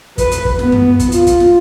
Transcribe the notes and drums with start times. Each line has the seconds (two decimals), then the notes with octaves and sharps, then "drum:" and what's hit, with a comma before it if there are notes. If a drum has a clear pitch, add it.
0.18 B4, drum: kick, hi-hat
0.31 drum: hi-hat
0.45 drum: kick
0.59 B3, drum: snare
0.72 drum: tom F#2
0.99 drum: kick, hi-hat
1.12 F4, drum: hi-hat
1.27 drum: kick, hi-hat
1.40 drum: snare